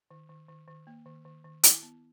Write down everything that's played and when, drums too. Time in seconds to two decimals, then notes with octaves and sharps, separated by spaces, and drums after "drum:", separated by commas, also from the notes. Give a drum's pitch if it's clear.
0.11 D#3
0.29 D#3
0.48 D#3
0.68 D#3
0.87 A#3
1.06 D#3
1.25 D#3
1.44 D#3
1.63 E4, drum: hi-hat
1.83 B3